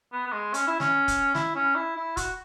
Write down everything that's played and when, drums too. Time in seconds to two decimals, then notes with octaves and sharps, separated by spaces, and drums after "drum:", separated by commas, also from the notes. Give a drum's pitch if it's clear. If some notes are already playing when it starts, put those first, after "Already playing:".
0.13 B3
0.27 B3
0.32 G#3
0.54 C#4, drum: hi-hat
0.67 E4
0.80 C#4, drum: snare
1.08 drum: kick, hi-hat
1.35 E4, drum: snare
1.56 C#4
1.75 E4
1.96 E4
2.17 F#4, drum: kick, hi-hat